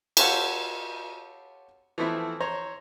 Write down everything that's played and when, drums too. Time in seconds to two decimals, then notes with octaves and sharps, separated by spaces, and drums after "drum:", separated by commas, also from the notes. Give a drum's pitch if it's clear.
0.17 G4 A4 C5 C#5 F5 F#5, drum: cymbal
1.98 E3 F3 A3 B3 C4 E4
2.40 C5 C#5 A#5